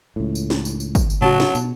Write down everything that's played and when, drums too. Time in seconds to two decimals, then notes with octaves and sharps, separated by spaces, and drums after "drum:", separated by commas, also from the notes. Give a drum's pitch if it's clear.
0.16 C#2 A2
0.35 drum: tambourine
0.50 drum: snare
0.65 drum: tambourine
0.80 drum: tambourine
0.95 drum: kick, tambourine
1.10 drum: tambourine
1.21 A2 C#3 F#3 C#4 F#4 A5
1.40 drum: snare
1.55 B2, drum: tambourine